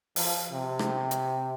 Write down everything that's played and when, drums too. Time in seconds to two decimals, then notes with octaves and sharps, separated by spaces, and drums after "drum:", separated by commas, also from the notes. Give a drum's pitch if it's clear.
0.16 F3, drum: open hi-hat
0.51 C3
0.79 drum: rim click
1.11 drum: hi-hat